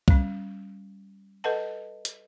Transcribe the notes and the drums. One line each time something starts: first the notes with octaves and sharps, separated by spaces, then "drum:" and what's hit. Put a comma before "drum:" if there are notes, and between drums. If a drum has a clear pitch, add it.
G3 C#4, drum: kick C2
A4 B4 D#5 F#5 A5
drum: hi-hat